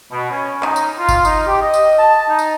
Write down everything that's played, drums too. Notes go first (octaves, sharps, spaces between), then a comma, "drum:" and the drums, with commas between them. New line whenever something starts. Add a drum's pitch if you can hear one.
B2
C#4
D#4, drum: clap
drum: tambourine
F4
drum: kick G1, tambourine
D#4, drum: tambourine
G4
D#5
drum: tambourine
A5
D#4
drum: tambourine